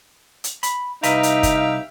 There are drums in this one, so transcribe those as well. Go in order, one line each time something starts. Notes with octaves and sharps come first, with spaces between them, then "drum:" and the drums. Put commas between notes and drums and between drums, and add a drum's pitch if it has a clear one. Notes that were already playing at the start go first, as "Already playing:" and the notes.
drum: hi-hat
B5, drum: hi-hat
C2 D#4 G4 B4 E5 F5 A#5, drum: hi-hat
drum: hi-hat
drum: kick, hi-hat